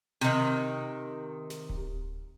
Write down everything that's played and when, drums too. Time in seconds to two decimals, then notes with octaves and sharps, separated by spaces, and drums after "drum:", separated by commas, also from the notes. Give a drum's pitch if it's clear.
0.21 C3 D#3, drum: snare
1.50 drum: snare
1.69 drum: kick D1